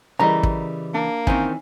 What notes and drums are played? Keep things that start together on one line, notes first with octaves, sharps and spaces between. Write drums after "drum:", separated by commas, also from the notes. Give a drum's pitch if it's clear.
C#3 E3 G3 A#4 D#5 A#5
drum: kick
A#3 D4
D#3 E3 C4 C#4, drum: kick